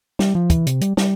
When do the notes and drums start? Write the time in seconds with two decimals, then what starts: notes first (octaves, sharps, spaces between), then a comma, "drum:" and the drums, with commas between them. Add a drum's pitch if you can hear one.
0.19 G3, drum: snare
0.35 F3
0.50 E3, drum: kick, hi-hat
0.67 C3, drum: hi-hat
0.81 G3, drum: hi-hat
0.97 G3, drum: snare